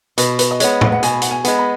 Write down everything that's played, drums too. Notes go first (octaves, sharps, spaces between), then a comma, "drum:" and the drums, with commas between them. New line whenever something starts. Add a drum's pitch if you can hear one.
B2 B4, drum: hi-hat
B4, drum: hi-hat
D#5
G#3 B3 C#5, drum: hi-hat
drum: tom A2
F#5
B2 G#5, drum: hi-hat
F#5, drum: hi-hat
G#5
G#3 B3, drum: hi-hat
B5